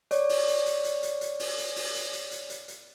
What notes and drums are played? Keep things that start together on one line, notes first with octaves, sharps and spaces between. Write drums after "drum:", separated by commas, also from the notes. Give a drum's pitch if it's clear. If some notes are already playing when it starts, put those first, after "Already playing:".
C#5 D5, drum: hi-hat
drum: open hi-hat
drum: hi-hat
drum: hi-hat
drum: hi-hat
drum: hi-hat
drum: hi-hat
drum: open hi-hat
drum: hi-hat
drum: open hi-hat
drum: hi-hat
drum: hi-hat
drum: hi-hat
drum: hi-hat
drum: hi-hat